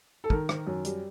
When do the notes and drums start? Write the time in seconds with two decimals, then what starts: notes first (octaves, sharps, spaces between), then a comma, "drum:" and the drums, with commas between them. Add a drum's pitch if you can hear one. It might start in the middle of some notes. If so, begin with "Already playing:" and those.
0.24 A4
0.30 D#3 A#4, drum: kick
0.49 D#3, drum: rim click
0.67 F#2
0.85 G3, drum: hi-hat